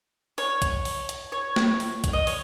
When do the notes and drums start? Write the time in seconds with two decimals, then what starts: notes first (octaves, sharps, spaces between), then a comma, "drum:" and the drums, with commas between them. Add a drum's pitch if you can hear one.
0.38 C#5, drum: open hi-hat
0.62 drum: kick, hi-hat
0.85 drum: open hi-hat
1.09 drum: hi-hat
1.32 C#5
1.56 drum: snare
1.80 drum: open hi-hat
2.04 drum: kick, hi-hat
2.13 D#5
2.27 C#5, drum: open hi-hat